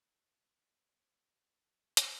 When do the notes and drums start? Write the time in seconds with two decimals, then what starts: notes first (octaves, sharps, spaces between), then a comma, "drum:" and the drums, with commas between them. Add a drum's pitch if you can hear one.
0.17 A3 B3 C5 D5
1.97 drum: hi-hat